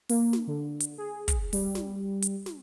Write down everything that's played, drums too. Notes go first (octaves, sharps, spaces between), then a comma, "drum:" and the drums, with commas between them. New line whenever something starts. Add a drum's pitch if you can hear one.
A#3, drum: open hi-hat
drum: snare
D3
drum: hi-hat
G#4
drum: kick, hi-hat
G3, drum: open hi-hat
drum: snare
drum: hi-hat
drum: snare